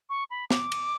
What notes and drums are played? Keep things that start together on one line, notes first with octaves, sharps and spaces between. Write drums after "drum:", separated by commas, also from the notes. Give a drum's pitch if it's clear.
C#6
B5
D6, drum: snare
drum: cymbal